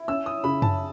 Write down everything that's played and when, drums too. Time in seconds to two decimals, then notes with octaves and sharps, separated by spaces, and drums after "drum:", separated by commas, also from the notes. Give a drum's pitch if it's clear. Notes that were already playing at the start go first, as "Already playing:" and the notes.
Already playing: E4
0.08 C#4 E6
0.26 D#6
0.44 C#3 B5
0.62 A5, drum: tom F#2